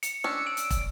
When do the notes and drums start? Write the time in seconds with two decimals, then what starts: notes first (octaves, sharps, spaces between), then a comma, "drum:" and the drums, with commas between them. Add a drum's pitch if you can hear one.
0.03 C#7, drum: hi-hat
0.24 C#4 D4 E6
0.47 D7
0.57 drum: hi-hat
0.70 drum: kick, hi-hat